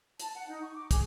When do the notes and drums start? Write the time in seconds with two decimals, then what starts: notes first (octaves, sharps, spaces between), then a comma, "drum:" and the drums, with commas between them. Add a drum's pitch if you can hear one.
0.20 A5, drum: hi-hat
0.35 F#5
0.48 D#4
0.63 C#6
0.75 D6
0.91 G#4, drum: kick, hi-hat